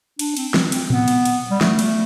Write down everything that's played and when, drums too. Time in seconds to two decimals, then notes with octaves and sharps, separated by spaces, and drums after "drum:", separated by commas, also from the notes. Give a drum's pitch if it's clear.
0.19 D4, drum: cymbal
0.37 C4, drum: cymbal
0.54 C4, drum: snare
0.72 C4, drum: cymbal
0.90 B3, drum: tom A2
1.08 drum: cymbal
1.25 drum: cymbal
1.51 G3
1.61 A3, drum: snare
1.79 drum: cymbal